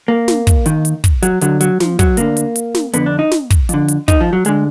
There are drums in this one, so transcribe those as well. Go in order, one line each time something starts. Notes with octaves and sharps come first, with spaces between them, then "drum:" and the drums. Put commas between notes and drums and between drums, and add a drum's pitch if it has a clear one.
A#3
drum: snare
drum: kick, hi-hat
D#2 D#3, drum: hi-hat
drum: hi-hat
drum: kick, hi-hat
F#3, drum: hi-hat
D2 D3 F#3, drum: hi-hat
F#3, drum: hi-hat
F3, drum: snare
F#3, drum: kick, hi-hat
D2 D3 A#3, drum: hi-hat
drum: hi-hat
drum: hi-hat
drum: snare
F2 D3 B3, drum: hi-hat
D4
D#4
drum: snare
drum: kick, hi-hat
F2 D3, drum: hi-hat
drum: hi-hat
D#4, drum: kick, hi-hat
F3
F#3
D2 D3 G#3, drum: hi-hat